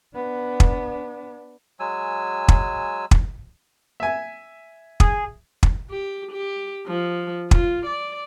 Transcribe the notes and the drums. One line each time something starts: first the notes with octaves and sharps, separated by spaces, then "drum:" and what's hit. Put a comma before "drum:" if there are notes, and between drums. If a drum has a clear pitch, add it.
B3 D4
drum: kick
F#3 G#3 G#5 E6
drum: kick
drum: kick
E5 G#5
G#4, drum: kick
drum: kick
G4
G4
F3
F4, drum: kick
D5